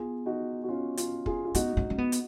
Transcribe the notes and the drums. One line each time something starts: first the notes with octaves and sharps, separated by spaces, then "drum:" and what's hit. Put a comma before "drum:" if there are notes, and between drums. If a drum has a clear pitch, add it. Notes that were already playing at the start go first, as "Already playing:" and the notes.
Already playing: B3 F4 G#4
D#4 F#4
F#4
C#4 F4
C#4 F4, drum: hi-hat
F4 G#4, drum: kick
F4
B3 D#4 F#4, drum: hi-hat
C#4
C#4
B3
drum: hi-hat